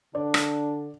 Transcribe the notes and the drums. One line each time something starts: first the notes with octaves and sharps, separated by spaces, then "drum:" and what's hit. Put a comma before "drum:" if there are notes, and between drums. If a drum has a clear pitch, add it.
D3 D4 D5
drum: rim click